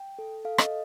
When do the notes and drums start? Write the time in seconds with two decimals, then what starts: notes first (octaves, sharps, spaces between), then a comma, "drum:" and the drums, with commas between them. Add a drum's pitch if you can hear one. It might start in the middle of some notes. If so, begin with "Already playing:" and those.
Already playing: G5
0.19 A4
0.45 A4 F5
0.58 D#5, drum: rim click